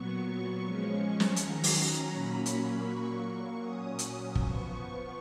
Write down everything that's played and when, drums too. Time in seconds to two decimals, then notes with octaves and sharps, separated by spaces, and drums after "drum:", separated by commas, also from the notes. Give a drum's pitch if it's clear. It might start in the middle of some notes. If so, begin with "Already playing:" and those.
Already playing: A#2 F#3 B3 C#6
0.62 F3 G#3 C#4
1.20 drum: snare
1.36 D#3 F#3 C#4 A#5, drum: hi-hat
1.63 drum: open hi-hat
2.11 A#2 F#3 A#3 C#4 B5
2.46 drum: hi-hat
2.86 A#2 F#3 A#3 C#6
3.61 A#2 F#3 C#4 D#6
3.99 drum: hi-hat
4.35 F3 B3 C#6, drum: kick